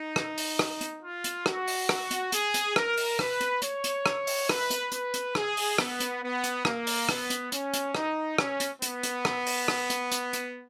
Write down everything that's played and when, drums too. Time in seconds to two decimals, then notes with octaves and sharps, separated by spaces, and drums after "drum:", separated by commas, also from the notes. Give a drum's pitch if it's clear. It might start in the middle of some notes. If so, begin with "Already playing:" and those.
Already playing: D#4
0.16 drum: rim click
0.38 drum: open hi-hat
0.59 drum: rim click
0.81 drum: hi-hat
1.02 F4
1.24 drum: hi-hat
1.46 F#4, drum: rim click
1.68 drum: open hi-hat
1.89 drum: rim click
2.11 drum: hi-hat
2.32 G#4, drum: hi-hat
2.54 drum: hi-hat
2.76 A#4, drum: rim click
2.97 drum: open hi-hat
3.19 B4, drum: rim click
3.41 drum: hi-hat
3.62 C#5, drum: hi-hat
3.84 drum: hi-hat
4.06 drum: rim click
4.27 drum: open hi-hat
4.49 B4, drum: rim click
4.70 drum: hi-hat
4.92 B4, drum: hi-hat
5.14 drum: hi-hat
5.35 G#4, drum: rim click
5.57 drum: open hi-hat
5.78 B3, drum: rim click
6.00 drum: hi-hat
6.22 B3
6.44 drum: hi-hat
6.65 A#3, drum: rim click
6.87 drum: open hi-hat
7.09 B3, drum: rim click
7.30 drum: hi-hat
7.52 C#4, drum: hi-hat
7.73 drum: hi-hat
7.95 D#4, drum: rim click
8.38 C#4, drum: rim click
8.60 drum: hi-hat
8.82 B3, drum: hi-hat
9.03 drum: hi-hat
9.25 drum: rim click
9.47 drum: open hi-hat
9.68 drum: rim click
9.90 drum: hi-hat
10.12 drum: hi-hat
10.33 drum: hi-hat